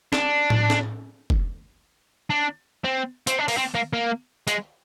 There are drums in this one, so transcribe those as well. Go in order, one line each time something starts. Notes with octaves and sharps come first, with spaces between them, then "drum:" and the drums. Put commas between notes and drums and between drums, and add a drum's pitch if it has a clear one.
D4, drum: snare
drum: tom A2
drum: snare
drum: kick
D4
C4
C4, drum: hi-hat
D4
A#3, drum: open hi-hat
C4
A#3
A#3
G#3, drum: hi-hat